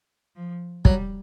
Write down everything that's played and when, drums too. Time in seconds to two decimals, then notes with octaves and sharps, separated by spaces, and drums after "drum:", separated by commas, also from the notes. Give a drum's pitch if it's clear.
0.36 F3
0.85 F#3 G3, drum: kick